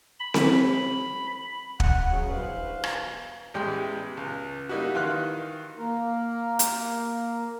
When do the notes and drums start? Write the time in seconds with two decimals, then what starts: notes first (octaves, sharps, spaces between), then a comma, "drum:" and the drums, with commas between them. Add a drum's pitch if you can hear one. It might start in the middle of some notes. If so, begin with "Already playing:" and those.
0.20 B5
0.34 drum: snare C4
1.80 F#5, drum: kick
2.11 C#3 F#3 B3
2.29 E2 G2 B2 B4 C5 F5
2.84 drum: rim click
3.54 A1 E2 G3 G#3 G5
4.17 C#2
4.69 G3 A#3 D#4 E4 F#4
4.94 D#3 E3 F5 C6 F#6
5.78 A#3 A#4
6.59 drum: hi-hat